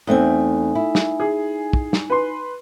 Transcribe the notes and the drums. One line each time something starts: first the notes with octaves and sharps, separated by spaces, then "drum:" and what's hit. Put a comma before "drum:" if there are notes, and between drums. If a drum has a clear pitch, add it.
E2 A3 C4 D#4 G#5
E4
drum: snare
G#4
drum: kick
drum: snare
B4 C6